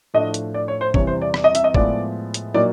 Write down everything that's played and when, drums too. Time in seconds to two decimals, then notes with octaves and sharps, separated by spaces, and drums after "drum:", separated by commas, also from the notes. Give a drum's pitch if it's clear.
0.14 A2 F3 A3 D4 D#5
0.34 drum: hi-hat
0.54 D5
0.68 C#5
0.81 C5
0.94 E2 C3 E3 G3 C#5, drum: kick
1.07 C5
1.22 D5
1.34 D5, drum: rim click
1.44 D#5
1.55 E5, drum: hi-hat
1.64 D#5
1.74 A2 F3 G#3 B3 D5, drum: kick
2.34 drum: hi-hat
2.54 A#2 F#3 A#3 D#4 D5